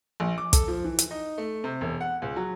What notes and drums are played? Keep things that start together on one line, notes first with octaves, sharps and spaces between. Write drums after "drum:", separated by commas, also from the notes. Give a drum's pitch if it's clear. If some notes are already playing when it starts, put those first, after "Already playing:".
A#1
D6
A4, drum: kick, hi-hat
F3
E3
drum: hi-hat
D#4
A3
C3
E1
F#5
C#2
F#3